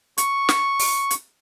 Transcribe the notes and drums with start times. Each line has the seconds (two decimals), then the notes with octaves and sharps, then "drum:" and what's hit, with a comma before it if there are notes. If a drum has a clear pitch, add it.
0.18 C#6, drum: hi-hat
0.49 drum: snare
0.80 drum: open hi-hat
1.11 drum: hi-hat